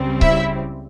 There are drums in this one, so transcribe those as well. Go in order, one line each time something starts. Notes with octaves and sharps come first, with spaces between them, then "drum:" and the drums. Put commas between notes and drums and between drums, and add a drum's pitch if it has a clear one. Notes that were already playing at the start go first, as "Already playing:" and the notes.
Already playing: C#2 C#3 G3 C4
E4 E5, drum: kick C#1